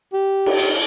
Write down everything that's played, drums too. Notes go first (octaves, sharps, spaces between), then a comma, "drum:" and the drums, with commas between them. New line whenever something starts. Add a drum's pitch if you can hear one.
G4
drum: cymbal
drum: hi-hat